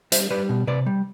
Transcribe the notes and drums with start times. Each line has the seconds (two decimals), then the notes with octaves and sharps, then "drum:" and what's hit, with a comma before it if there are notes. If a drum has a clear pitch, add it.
0.12 G3 C5 E5, drum: hi-hat
0.30 G3 B4 D5
0.49 B2
0.67 C3 B4 D5
0.86 G3